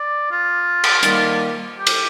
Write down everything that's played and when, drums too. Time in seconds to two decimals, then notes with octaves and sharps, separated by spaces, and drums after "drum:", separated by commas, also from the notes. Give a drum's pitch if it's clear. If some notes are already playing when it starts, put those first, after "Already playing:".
Already playing: D5
0.30 F4
0.84 drum: cymbal
1.03 D#3 G3 A#3, drum: hi-hat
1.77 G4
1.87 drum: cymbal